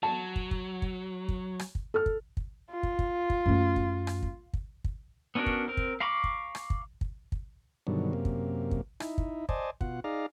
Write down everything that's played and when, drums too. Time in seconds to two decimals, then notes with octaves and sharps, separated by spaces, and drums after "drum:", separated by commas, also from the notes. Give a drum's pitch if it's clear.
0.03 F#3 A5
0.36 drum: kick
0.51 drum: kick
0.82 drum: kick
1.29 drum: kick
1.59 drum: rim click
1.75 drum: kick
1.94 A4 F6
2.06 drum: kick
2.37 drum: kick
2.71 F4
2.83 drum: kick
2.99 drum: kick
3.30 drum: kick
3.46 F#2 A3
3.76 drum: kick
4.07 drum: rim click
4.23 drum: kick
4.53 drum: kick
4.84 drum: kick
5.35 B3 C#4 D4 F#4 A#4
5.46 drum: kick
5.68 C4 A#4
5.77 drum: kick
6.00 F5 A#5 B5 C#6 D6
6.24 drum: kick
6.55 drum: rim click
6.70 drum: kick
7.01 drum: kick
7.32 drum: kick
7.87 G2 B2 D3 D#3 F#3
8.13 F#2 C3 A#3
8.25 drum: kick
8.71 drum: kick
9.00 D#4 E4, drum: rim click
9.18 drum: kick
9.49 C5 D5 D#5 G#5 A5, drum: kick
9.81 B2 F4 F#5, drum: kick
10.04 D#4 G#4 D5 F5 A#5